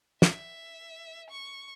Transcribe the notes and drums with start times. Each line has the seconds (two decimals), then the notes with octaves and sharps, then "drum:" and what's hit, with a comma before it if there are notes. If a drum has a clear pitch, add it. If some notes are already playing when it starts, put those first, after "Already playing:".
0.22 E5, drum: snare
1.30 C#6